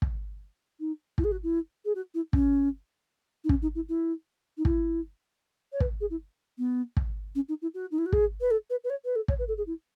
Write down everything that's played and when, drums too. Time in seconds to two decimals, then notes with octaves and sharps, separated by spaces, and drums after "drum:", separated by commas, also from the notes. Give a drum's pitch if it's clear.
0.02 drum: kick
0.80 D#4
1.18 E4, drum: kick
1.24 G#4
1.31 F#4
1.43 E4
1.85 G#4
1.95 F#4
2.14 E4
2.33 C#4, drum: kick
3.44 D#4
3.49 C#4, drum: kick
3.62 D#4
3.75 E4
3.88 E4
4.57 D#4
4.65 E4, drum: kick
5.72 C#5
5.80 B4, drum: kick
6.00 G#4
6.10 E4
6.58 B3
6.97 drum: kick
7.35 C#4
7.48 D#4
7.62 E4
7.74 F#4
7.91 D#4
7.98 E4
8.05 F#4
8.12 G#4, drum: kick
8.41 B4
8.50 A4
8.70 B4
8.84 B4
8.89 C#5
9.05 B4
9.15 A4
9.28 C#5, drum: kick
9.38 B4
9.48 A4
9.57 G#4
9.66 E4